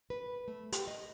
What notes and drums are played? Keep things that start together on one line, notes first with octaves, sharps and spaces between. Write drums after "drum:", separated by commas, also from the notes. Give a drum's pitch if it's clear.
B4
A3
G4, drum: hi-hat
D#5